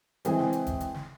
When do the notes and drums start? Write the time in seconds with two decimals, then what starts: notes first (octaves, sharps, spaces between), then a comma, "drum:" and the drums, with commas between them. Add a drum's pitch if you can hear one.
0.25 E3 G#3 C4 G#4 G5, drum: hi-hat
0.39 drum: snare
0.53 drum: hi-hat
0.66 drum: kick E1, hi-hat
0.80 drum: hi-hat
0.94 drum: snare